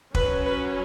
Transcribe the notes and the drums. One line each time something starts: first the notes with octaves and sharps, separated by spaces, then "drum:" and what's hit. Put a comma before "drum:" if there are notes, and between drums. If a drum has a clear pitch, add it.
F#3 C#4 B4, drum: kick
B4